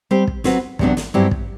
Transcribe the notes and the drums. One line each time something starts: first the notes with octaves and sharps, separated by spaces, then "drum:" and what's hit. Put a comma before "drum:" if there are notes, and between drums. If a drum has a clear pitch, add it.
G3 C4 G4 C5
drum: kick
F#3 C4 F#4 B4, drum: snare
E2 C3 F#3 B3 D4, drum: kick
drum: snare
G2 F#3 C4 E4 G4
drum: kick